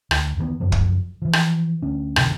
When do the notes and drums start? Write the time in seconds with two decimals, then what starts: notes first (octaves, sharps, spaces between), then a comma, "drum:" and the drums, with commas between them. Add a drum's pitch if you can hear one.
0.11 D2, drum: rim click
0.37 E2 D#3 F#3 B3
0.60 F#1 F#2 F3 F#3
0.72 drum: kick
1.22 E3 F3
1.33 drum: rim click
1.82 D2 C#4
2.16 F1 B2 D3 F3, drum: rim click